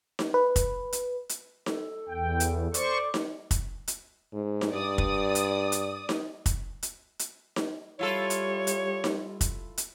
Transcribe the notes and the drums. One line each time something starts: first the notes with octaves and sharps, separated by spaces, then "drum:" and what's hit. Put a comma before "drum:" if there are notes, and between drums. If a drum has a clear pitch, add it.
drum: snare D#4
B4
drum: kick, hi-hat
drum: hi-hat
drum: hi-hat
A4, drum: snare D#4
E2 G5
drum: hi-hat
C5 D5 C#6, drum: hi-hat
drum: snare D#4
drum: kick, hi-hat
drum: hi-hat
G#2
drum: snare D#4
G2 D5 D#6
drum: kick
drum: hi-hat
drum: hi-hat
drum: snare D#4
drum: kick, hi-hat
drum: hi-hat
drum: hi-hat
drum: snare D#4
G3 E4 F4 A4 C#5
drum: hi-hat
drum: hi-hat
drum: snare D#4
drum: kick, hi-hat
drum: hi-hat